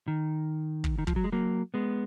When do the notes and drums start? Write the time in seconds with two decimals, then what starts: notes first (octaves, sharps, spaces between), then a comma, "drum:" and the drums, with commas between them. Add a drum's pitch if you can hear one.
0.08 D#3
0.84 drum: kick
0.99 D#3
1.07 F3, drum: kick
1.16 F#3
1.24 G#3
1.32 F#3 A#3
1.74 G#3 B3